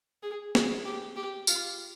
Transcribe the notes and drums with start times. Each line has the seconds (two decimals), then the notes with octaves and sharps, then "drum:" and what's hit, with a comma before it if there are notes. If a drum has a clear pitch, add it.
0.23 G#4
0.55 G#4, drum: snare
0.85 G4
1.16 G4
1.47 F4, drum: tambourine